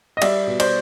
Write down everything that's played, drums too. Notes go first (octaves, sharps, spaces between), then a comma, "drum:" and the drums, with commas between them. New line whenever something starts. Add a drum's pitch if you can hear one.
D#5
G3 D5 E5, drum: cymbal
B2
C5 D5, drum: cymbal